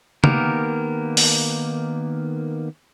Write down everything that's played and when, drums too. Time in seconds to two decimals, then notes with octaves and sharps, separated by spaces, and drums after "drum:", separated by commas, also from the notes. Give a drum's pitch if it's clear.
0.24 D#3 A#3 B3 G4 A#4, drum: tom C#3
1.17 drum: open hi-hat